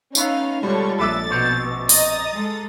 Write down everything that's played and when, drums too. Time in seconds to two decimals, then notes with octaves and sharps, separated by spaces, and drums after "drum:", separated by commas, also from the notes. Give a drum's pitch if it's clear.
0.15 A3 B3 C#4 D#4 F5, drum: tambourine
0.63 B2 D3 G3 G#3 F4 A4 C#5 C#6
0.99 A#1 B4 E5 D6 E6 A6
1.30 B2 C4 C5 C#5
1.89 D#5 A#5 D#6 A6, drum: open hi-hat
2.32 G#3 A4